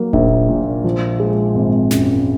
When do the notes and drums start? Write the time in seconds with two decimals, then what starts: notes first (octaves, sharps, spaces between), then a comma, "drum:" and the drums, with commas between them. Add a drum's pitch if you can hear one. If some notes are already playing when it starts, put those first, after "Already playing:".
Already playing: F#3 A#3
0.13 A#1, drum: kick D#1
0.49 A#2
0.84 F3
1.20 G#3
1.55 G#1
1.91 F#2, drum: snare